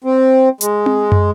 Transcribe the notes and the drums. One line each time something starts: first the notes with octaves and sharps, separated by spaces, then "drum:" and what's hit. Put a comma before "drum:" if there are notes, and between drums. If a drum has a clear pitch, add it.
C4
G#3, drum: hi-hat
drum: tom C4
drum: tom